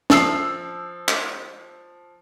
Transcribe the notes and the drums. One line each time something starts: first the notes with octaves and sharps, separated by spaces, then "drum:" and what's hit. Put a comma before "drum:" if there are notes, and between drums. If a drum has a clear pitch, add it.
F3 E6 C7, drum: snare
drum: clap